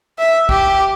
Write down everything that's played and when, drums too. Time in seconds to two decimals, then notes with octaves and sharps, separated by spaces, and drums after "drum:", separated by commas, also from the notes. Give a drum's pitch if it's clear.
0.19 E5
0.49 G4, drum: kick B1